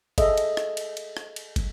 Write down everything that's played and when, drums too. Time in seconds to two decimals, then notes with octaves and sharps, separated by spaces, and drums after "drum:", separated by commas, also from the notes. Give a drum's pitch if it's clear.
0.18 G#4 A4 D#5 E5, drum: kick, cymbal
0.38 drum: cymbal
0.57 drum: rim click
0.77 drum: cymbal
0.97 drum: cymbal
1.17 drum: rim click
1.36 drum: cymbal
1.56 drum: kick, cymbal